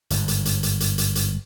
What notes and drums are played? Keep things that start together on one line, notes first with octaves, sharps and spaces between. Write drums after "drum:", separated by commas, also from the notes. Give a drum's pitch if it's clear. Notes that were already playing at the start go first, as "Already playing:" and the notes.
G1 G#2, drum: hi-hat
drum: hi-hat
drum: hi-hat
drum: hi-hat
drum: hi-hat
drum: hi-hat
drum: hi-hat